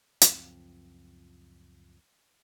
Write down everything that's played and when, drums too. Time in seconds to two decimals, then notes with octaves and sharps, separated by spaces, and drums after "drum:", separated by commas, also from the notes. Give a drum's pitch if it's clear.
0.21 C#2 F#2 F3 C4, drum: hi-hat